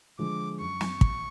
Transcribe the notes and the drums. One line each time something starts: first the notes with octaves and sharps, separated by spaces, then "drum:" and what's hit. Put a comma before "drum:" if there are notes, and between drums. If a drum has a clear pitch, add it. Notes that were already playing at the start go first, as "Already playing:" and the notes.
D3 F3 G#3 D6
F#2 C#6
drum: snare
drum: kick